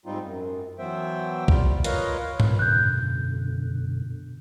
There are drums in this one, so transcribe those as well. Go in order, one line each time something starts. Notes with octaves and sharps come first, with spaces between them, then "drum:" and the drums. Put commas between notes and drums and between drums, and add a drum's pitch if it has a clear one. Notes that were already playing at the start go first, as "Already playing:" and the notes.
G#2 G3 C4 D#4 F4
F#2
E3 F#3 B3 C5 E5 G5
G3 F4, drum: kick B1
F4 A#4 B4 C#5 D#5 F5, drum: hi-hat
drum: tom G#2
F#2 B2 D3 F#6 G6